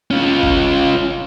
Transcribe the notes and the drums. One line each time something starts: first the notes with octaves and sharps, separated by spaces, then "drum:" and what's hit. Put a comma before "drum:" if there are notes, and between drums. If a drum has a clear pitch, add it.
C#4 F4
drum: kick G1